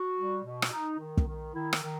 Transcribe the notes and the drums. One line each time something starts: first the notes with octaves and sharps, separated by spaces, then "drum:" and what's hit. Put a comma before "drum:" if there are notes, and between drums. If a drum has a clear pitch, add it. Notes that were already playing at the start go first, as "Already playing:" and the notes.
Already playing: F#4
G3
B2
drum: rim click
D#4
D#3
drum: kick
D#3
D#3 E4
drum: rim click
D#3